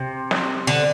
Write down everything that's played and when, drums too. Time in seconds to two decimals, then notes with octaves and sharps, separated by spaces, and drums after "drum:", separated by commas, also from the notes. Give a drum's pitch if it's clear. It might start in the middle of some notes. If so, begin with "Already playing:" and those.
Already playing: C3
0.31 drum: snare
0.67 D3